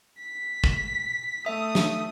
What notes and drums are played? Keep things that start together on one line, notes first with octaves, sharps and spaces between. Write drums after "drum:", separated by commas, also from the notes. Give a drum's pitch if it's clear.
B6
drum: kick
A3 E5 D#6
drum: snare